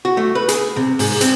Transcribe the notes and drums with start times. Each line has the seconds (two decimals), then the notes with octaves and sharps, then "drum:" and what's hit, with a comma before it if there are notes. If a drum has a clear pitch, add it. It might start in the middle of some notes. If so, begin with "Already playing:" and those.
0.05 F#4
0.17 A3
0.35 B4
0.49 G#4, drum: hi-hat
0.76 C3
0.99 G#2, drum: open hi-hat
1.21 C4, drum: hi-hat